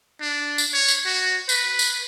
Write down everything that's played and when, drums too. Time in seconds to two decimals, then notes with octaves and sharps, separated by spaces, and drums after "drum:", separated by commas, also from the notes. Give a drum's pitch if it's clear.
0.21 D4
0.58 drum: tambourine
0.73 C#5
0.88 drum: tambourine
1.06 F#4
1.49 B4, drum: tambourine
1.79 drum: tambourine